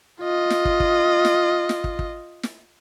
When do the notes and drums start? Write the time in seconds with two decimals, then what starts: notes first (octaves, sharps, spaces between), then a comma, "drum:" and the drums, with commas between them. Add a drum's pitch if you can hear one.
0.21 F4 D#5
0.50 drum: snare
0.65 drum: kick
0.80 drum: kick
1.25 drum: snare
1.69 drum: snare
1.84 drum: kick
1.99 drum: kick
2.43 drum: snare